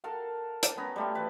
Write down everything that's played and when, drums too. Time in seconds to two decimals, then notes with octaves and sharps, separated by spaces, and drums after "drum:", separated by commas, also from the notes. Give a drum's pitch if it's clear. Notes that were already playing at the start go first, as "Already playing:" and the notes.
0.04 A4 A#4 F5 F#5
0.63 drum: hi-hat
0.77 B3 C#4 A#5
0.96 G3 A3 F4
1.15 E3 B4